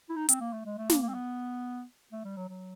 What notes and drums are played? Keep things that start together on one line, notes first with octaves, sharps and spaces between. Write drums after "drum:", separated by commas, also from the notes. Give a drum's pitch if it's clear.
E4
D#4
C4, drum: hi-hat
A#3
A3
G#3
A3
A#3, drum: snare
A#3
C4
B3
A3
G3
F#3
F#3